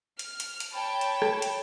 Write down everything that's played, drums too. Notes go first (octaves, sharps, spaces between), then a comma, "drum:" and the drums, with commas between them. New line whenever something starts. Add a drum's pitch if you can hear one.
F6, drum: hi-hat
drum: hi-hat
drum: hi-hat
C#5 G5 A5 B5
drum: hi-hat
drum: rim click
drum: hi-hat